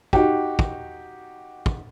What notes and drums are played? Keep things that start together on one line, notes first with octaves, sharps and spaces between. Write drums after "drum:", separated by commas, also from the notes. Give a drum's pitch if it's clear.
D#4 F#4 G4, drum: kick
drum: kick
drum: kick